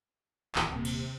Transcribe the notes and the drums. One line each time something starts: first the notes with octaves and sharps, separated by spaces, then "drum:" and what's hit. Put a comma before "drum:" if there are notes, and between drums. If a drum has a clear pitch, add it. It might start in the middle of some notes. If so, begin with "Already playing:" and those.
D1 E2 D#3, drum: clap
D#1 C3 A#3
drum: cymbal